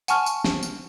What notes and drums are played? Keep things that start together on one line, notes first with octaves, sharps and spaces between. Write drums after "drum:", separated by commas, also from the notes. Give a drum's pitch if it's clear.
F#5 G#5 A5 C#6 F6, drum: tambourine
drum: tambourine
drum: snare
drum: tambourine